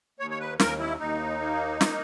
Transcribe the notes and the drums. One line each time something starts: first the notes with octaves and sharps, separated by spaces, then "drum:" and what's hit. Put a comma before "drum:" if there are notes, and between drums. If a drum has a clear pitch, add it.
D#2 C#5
C#5
B4
D#2 A#4, drum: snare
E4
D#2 D#4
A#3
A#3, drum: snare